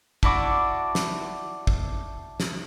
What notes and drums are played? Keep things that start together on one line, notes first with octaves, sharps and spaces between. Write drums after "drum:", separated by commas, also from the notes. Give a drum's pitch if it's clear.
D4 E4 F#4 D6, drum: kick
drum: snare
drum: kick
drum: snare